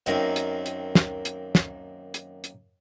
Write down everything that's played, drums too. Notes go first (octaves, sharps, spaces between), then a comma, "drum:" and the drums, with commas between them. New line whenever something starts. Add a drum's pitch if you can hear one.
F#2 D#3 A#3 C4, drum: hi-hat
drum: hi-hat
drum: hi-hat
drum: snare
drum: hi-hat
drum: snare
drum: hi-hat
drum: hi-hat